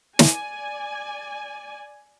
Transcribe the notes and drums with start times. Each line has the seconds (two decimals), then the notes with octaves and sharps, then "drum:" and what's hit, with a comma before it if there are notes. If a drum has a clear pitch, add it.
0.19 D5 G#5, drum: snare